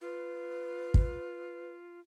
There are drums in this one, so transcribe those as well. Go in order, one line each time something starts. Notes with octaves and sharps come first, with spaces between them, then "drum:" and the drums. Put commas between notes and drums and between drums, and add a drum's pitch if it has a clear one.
F4 B4
drum: kick